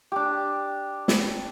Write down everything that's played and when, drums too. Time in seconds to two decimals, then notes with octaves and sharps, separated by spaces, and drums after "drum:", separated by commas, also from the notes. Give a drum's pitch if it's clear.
0.12 D4 G4
1.08 drum: snare